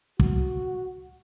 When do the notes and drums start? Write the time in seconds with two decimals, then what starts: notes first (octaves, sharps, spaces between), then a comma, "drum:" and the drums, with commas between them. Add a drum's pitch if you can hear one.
0.20 F#4, drum: kick